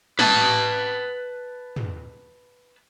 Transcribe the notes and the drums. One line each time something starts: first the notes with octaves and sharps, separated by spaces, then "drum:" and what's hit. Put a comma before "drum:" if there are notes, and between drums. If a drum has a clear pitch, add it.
B4 A5, drum: snare
drum: tom